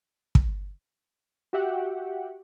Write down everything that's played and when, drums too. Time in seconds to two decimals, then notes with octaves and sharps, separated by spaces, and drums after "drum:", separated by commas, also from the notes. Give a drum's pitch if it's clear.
0.35 drum: kick
1.53 F#4 G4 E5 F#5 G5